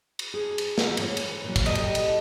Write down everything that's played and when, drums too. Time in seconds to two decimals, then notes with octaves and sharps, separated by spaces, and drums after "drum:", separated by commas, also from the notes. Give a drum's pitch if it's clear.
0.19 drum: cymbal
0.34 G#4
0.58 drum: cymbal
0.78 drum: snare
0.97 D3 E3 C#4, drum: cymbal
1.17 drum: cymbal
1.44 A#2 F#3
1.56 drum: kick, cymbal
1.66 G4 A4 D#5
1.75 drum: cymbal
1.95 drum: cymbal